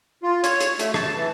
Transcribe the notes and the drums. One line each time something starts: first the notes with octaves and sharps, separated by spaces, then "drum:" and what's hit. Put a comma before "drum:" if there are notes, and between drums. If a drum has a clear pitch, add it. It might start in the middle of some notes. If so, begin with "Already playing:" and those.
F4
C#5, drum: hi-hat
drum: hi-hat
A3, drum: hi-hat
A5, drum: rim click
E3